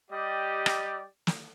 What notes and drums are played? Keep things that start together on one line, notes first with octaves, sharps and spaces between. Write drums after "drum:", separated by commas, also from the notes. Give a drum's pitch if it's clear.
G3 G4 D5 D#5
drum: rim click
drum: snare